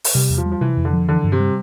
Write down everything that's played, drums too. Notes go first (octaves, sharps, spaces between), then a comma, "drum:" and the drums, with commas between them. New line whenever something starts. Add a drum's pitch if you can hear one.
drum: open hi-hat
C3 G3
E2
F3
G3
F3
C3 E3
F2
D3
F3
D3 E3
G2
C3
G3